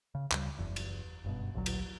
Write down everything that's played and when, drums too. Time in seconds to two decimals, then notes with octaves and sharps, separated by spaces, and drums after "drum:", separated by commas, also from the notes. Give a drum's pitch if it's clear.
0.15 C#3
0.31 D2 C#3 G3, drum: clap
0.59 F#1 E2
0.76 drum: cymbal
1.24 F#1 G2 B2
1.54 A1 D2 A#2 F#3
1.66 drum: cymbal